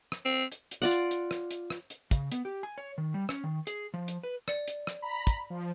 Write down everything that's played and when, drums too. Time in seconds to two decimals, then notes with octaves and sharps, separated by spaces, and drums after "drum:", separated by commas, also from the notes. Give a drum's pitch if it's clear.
0.12 drum: rim click
0.25 C4
0.52 drum: hi-hat
0.71 drum: hi-hat
0.82 F4 D5 F#5
0.91 drum: hi-hat
1.11 drum: hi-hat
1.31 drum: rim click
1.51 drum: hi-hat
1.70 drum: rim click
1.90 drum: hi-hat
2.11 C#3, drum: kick, hi-hat
2.32 B3, drum: hi-hat
2.45 G4
2.63 G#5
2.78 C#5
2.98 D#3
3.14 G3
3.29 C#4, drum: rim click
3.44 D#3
3.67 G#4, drum: hi-hat
3.94 F3
4.08 drum: hi-hat
4.23 B4
4.48 D5 C#7, drum: rim click
4.67 drum: hi-hat
4.87 drum: rim click
5.02 A#5 B5
5.27 drum: kick, hi-hat
5.50 F3